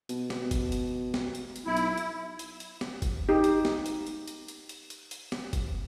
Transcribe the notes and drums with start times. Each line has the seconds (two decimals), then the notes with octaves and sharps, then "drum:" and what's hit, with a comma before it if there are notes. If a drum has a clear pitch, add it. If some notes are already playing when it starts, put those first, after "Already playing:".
0.09 B2, drum: hi-hat
0.30 drum: snare
0.51 drum: kick F#1, hi-hat
0.72 drum: hi-hat
1.14 drum: snare
1.35 drum: hi-hat
1.56 drum: hi-hat
1.66 B1 E4
1.77 drum: hi-hat
1.97 drum: hi-hat
2.39 drum: hi-hat
2.60 drum: hi-hat
2.81 drum: snare
3.02 drum: kick F#1, hi-hat
3.29 D#4 G4
3.44 drum: hi-hat
3.65 drum: snare
3.86 drum: hi-hat
4.07 drum: hi-hat
4.28 drum: hi-hat
4.48 drum: hi-hat
4.69 drum: hi-hat
4.90 drum: hi-hat
5.11 drum: hi-hat
5.32 drum: snare
5.53 drum: kick F#1, hi-hat